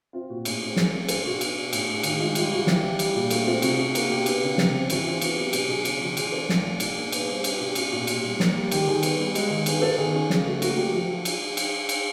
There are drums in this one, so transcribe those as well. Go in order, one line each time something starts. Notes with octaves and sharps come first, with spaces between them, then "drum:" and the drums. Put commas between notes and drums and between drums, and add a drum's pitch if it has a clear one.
C4 F4
A#2 F#4
A2, drum: cymbal
C4
A2 G#4, drum: snare
C#4 A#4
C#4 A4, drum: cymbal
B2 F#4
B3, drum: cymbal
B3
A2, drum: cymbal
A2
D#3 F#4, drum: cymbal
G#3 F4
G3 F4, drum: cymbal
E3 F#4
E3 G4, drum: snare
E3 G4
G3, drum: cymbal
A#2
A3 F#4, drum: cymbal
C4 F4
C3 F#4, drum: cymbal
C3 F#4
A#3 F#4, drum: cymbal
B2 G4
B3, drum: cymbal
C#3
C3, drum: snare
C4
E3 F#4, drum: cymbal
C4 F4
B3 F#4, drum: cymbal
F#3 G4
B2 G4, drum: cymbal
B2 G#4
C#3, drum: cymbal
F3
E3 G#4, drum: cymbal
C4 A4
A2, drum: snare
F3 A#4
B2, drum: cymbal
A#3
B3 B4, drum: cymbal
G3 C5
C#4 B4, drum: cymbal
F#4
B2 G4
C#4 F#4, drum: cymbal
A#2 F#4
B2 G4, drum: cymbal
G3
A#3, drum: snare
G3
D#3 G4, drum: cymbal
D#3 G#4
B3, drum: cymbal
G3
G#3, drum: cymbal
D#3
B3 G#4, drum: cymbal
B3 A4
D#3 G#4
C#4 G#4
C#3 G#4, drum: snare
A3 F#4
A#3 F#4, drum: cymbal
F#3 G4
F3
drum: cymbal
drum: cymbal
drum: cymbal